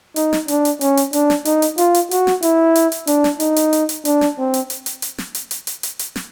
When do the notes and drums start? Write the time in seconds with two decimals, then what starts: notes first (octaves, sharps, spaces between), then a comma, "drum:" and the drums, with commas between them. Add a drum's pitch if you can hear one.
0.16 D#4, drum: hi-hat
0.33 drum: snare
0.48 D4, drum: hi-hat
0.65 drum: hi-hat
0.81 C#4, drum: hi-hat
0.97 drum: hi-hat
1.13 D4, drum: hi-hat
1.30 drum: snare
1.45 D#4, drum: hi-hat
1.62 drum: hi-hat
1.78 F4, drum: hi-hat
1.95 drum: hi-hat
2.11 F#4, drum: hi-hat
2.27 drum: snare
2.43 E4, drum: hi-hat
2.76 drum: hi-hat
2.92 drum: hi-hat
3.07 D4, drum: hi-hat
3.24 drum: snare
3.40 D#4, drum: hi-hat
3.56 drum: hi-hat
3.73 drum: hi-hat
3.89 drum: hi-hat
4.05 D4, drum: hi-hat
4.21 drum: snare
4.38 C4
4.54 drum: hi-hat
4.70 drum: hi-hat
4.86 drum: hi-hat
5.02 drum: hi-hat
5.18 drum: snare
5.35 drum: hi-hat
5.51 drum: hi-hat
5.67 drum: hi-hat
5.83 drum: hi-hat
5.99 drum: hi-hat
6.16 drum: snare